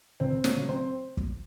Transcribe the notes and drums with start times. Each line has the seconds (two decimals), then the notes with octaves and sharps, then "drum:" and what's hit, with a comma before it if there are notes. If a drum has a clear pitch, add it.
0.20 C#2 C4 C5
0.44 C#4 C#5, drum: snare
0.56 C#3 F#3 A3
0.69 C4 C5
1.17 drum: kick